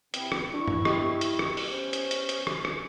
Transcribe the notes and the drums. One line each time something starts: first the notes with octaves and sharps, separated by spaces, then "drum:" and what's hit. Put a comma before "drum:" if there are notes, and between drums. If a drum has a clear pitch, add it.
C3 B3 E4 G5, drum: hi-hat
drum: rim click
D4 E4 C#6
drum: tom G2
B3 G4 D#5, drum: rim click
drum: hi-hat
drum: rim click
drum: open hi-hat
C#4 C5
drum: hi-hat
drum: hi-hat
drum: hi-hat
drum: rim click
drum: rim click